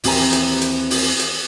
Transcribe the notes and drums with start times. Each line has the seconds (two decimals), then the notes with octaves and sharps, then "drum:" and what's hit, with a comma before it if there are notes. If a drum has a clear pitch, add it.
0.04 D#2 E3 C4 G4 G#5 A#5, drum: open hi-hat
0.33 drum: hi-hat
0.61 drum: hi-hat
0.90 drum: open hi-hat
1.19 drum: hi-hat